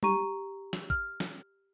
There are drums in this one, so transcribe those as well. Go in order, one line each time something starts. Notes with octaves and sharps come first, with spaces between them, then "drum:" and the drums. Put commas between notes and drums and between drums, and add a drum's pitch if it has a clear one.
G4 A#5 C#6 D#7, drum: tom
drum: snare
F6, drum: kick
drum: snare